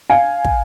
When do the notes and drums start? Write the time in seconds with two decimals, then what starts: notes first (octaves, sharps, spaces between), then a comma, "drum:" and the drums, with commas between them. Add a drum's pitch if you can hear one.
0.10 F5 G#5
0.45 drum: kick